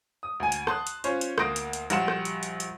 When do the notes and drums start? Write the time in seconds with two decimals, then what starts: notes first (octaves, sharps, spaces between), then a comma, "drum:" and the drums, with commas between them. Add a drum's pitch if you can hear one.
0.23 D#6
0.40 D2 G#5
0.52 drum: hi-hat
0.67 A5 C6 D#6 F#6, drum: rim click
0.87 drum: hi-hat
1.04 C#4 F4 C5 C#5, drum: hi-hat
1.21 drum: hi-hat
1.38 D2 A#3 C6 D#6 A#6 D7, drum: rim click
1.56 drum: hi-hat
1.73 drum: hi-hat
1.90 A#1 G3 F#4 F#5 C6 E7, drum: hi-hat
2.08 drum: rim click
2.25 drum: hi-hat
2.43 drum: hi-hat
2.60 drum: hi-hat